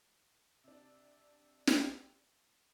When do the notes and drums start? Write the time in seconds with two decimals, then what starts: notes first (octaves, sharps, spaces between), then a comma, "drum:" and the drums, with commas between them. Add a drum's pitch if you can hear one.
0.64 C3 D4
1.67 drum: snare